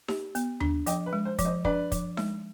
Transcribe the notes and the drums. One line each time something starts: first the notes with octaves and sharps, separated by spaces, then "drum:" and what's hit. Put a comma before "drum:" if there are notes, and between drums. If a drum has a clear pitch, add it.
G4, drum: snare D#4
B3, drum: hi-hat
D4, drum: tom D#2
F3 D#5 G5, drum: hi-hat
B4
G#3
C5
F3, drum: kick, hi-hat
C5 D#5
D4 B4 D5, drum: kick
F3, drum: kick, hi-hat
G#3, drum: snare D#4